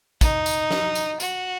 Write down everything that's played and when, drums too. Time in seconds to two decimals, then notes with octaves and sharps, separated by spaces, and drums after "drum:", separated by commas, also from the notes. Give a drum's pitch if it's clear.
0.21 D#4, drum: kick, tambourine
0.46 drum: tambourine
0.71 drum: snare
0.95 drum: tambourine
1.20 F#4, drum: tambourine